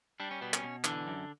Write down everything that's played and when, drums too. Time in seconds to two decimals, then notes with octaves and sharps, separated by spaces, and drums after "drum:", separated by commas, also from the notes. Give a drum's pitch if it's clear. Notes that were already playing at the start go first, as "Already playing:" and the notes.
0.20 G3 D4
0.31 C#4
0.41 B2 B3
0.54 C#4, drum: clap
0.63 B2
0.84 D3 E3 D4, drum: clap
1.07 F#2